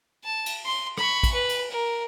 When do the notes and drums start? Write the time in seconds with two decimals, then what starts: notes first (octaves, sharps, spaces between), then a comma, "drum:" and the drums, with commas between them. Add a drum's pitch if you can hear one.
0.24 A5
0.46 drum: cymbal
0.66 C6
0.98 B5 C#6, drum: rim click
1.23 drum: kick, cymbal
1.33 B4
1.49 drum: cymbal
1.71 A#4